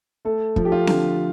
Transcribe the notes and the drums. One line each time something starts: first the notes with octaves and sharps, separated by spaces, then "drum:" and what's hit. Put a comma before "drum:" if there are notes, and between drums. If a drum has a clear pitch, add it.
A3 A4
F3, drum: kick
G4
F4
D3, drum: snare C4